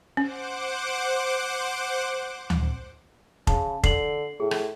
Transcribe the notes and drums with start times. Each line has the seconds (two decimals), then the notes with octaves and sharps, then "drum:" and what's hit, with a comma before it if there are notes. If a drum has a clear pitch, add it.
0.17 C#4 C5 F#5 D6
2.50 drum: tom D2
3.47 C#3 A5, drum: kick F1
3.84 D3 C7 F#7, drum: kick F1
4.40 A2 G#4
4.51 drum: rim click